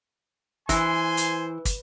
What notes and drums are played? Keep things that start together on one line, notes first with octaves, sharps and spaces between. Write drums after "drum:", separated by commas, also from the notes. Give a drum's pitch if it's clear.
E3 C5 G#5 C6, drum: kick, hi-hat
drum: hi-hat
drum: kick, hi-hat